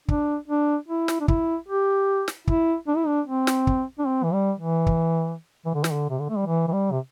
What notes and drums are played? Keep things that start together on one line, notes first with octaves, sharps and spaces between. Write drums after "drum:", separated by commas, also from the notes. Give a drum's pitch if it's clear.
D4, drum: kick
D4
E4
drum: snare
D4
E4, drum: kick
G4
drum: snare
E4, drum: kick
D4
E4
D4
C4
drum: snare
drum: kick
D4
C4
E3
G3
E3
drum: kick
E3
D3
E3, drum: snare
D3
C3
D3
A3
G3
E3
E3
G3
C3